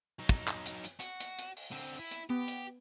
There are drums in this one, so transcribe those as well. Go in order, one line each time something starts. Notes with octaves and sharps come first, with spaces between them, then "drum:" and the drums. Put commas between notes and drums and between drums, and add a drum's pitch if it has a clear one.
F#3 D#4
drum: kick
drum: clap
drum: hi-hat
drum: hi-hat
F#4, drum: hi-hat
drum: hi-hat
drum: hi-hat
drum: open hi-hat
D3 C4 D#7
E4
drum: hi-hat
B3 G4
drum: hi-hat